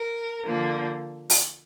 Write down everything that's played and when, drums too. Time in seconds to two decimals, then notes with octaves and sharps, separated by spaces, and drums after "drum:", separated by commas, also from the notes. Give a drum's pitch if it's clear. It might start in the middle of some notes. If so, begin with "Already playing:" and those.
Already playing: A#4
0.44 D3 F3 A#3
1.30 drum: open hi-hat